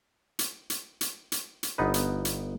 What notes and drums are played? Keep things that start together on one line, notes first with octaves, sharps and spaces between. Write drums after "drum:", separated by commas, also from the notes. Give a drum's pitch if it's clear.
drum: hi-hat
drum: hi-hat
drum: hi-hat
drum: hi-hat
drum: hi-hat
G1 B3 D#4 B4
drum: hi-hat
drum: hi-hat